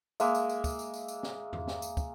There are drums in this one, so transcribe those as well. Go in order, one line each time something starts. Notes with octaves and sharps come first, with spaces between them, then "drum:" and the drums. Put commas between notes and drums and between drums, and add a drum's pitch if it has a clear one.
G#3 A#3 E5, drum: tambourine
drum: tambourine
drum: tambourine
drum: kick, tambourine
drum: tambourine
drum: tambourine
drum: tambourine
drum: snare
drum: tom E2
drum: snare
drum: tambourine
drum: kick, tambourine